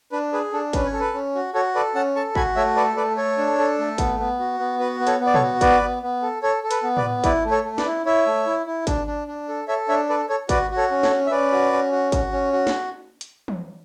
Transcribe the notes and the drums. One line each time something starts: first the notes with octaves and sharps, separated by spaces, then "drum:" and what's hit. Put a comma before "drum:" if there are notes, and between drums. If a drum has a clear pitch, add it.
D4 B4
G#4 B4
D4 A4
C#4 B4, drum: kick G#1, hi-hat
C#5
A4
B4
C#4
F#4
F#4 A4 C#5
A4 B4 D5
C#4 F#5 A5
A4 A5 C#6
F#4 G#5 B5, drum: kick G#1
A3 C#5 E5
A4 B4 D5
A3 B4 D5
A4 C#5
D4
A4
A3
B3, drum: kick G#1, hi-hat
B3
F#4
B3
F#4 B4
B3
A4 C#5, drum: hi-hat
B3
D5
A4 C#5, drum: tom A#2
F#4
B3 B4 D5, drum: kick G#1, hi-hat
B3
B3
A4
A4 C#5
A4
B4, drum: hi-hat
B3
B4 D5, drum: tom A2
B3
E4 B4 D5, drum: kick G#1, hi-hat
A3
A4 C#5
A3
B4 D5, drum: snare
E4
E4 C#5 E5
A3
E4
E4
D4, drum: kick G#1, hi-hat
D4
D4
A4
A4 C#5 E5
D4 C#5 E5
A4 B4 D5
A4 C#5
F#4 B4 D5, drum: kick G#1, hi-hat
F#4
A4 C#5
C#4
A4 C#5, drum: snare
C#4
E5
C#4 B4 D5
F#4
C#4
F#4
F#4, drum: kick G#1, hi-hat
C#4
F#4
drum: snare
drum: hi-hat
drum: tom